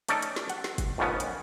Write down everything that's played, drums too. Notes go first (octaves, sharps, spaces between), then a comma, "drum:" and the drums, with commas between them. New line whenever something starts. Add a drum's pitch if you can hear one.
A3 C#4 D#4 A4 D5, drum: hi-hat
drum: hi-hat
drum: snare
F#5, drum: hi-hat
drum: snare
drum: kick, hi-hat
A#1 F2 G#2 C#3 B3 C#4
drum: hi-hat